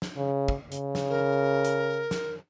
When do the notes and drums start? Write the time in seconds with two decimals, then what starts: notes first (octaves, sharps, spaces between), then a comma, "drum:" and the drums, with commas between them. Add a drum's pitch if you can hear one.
0.02 drum: snare
0.17 C#3
0.48 drum: kick
0.72 C#3, drum: hi-hat
0.95 drum: snare
1.09 A#4
1.65 drum: hi-hat
2.11 drum: snare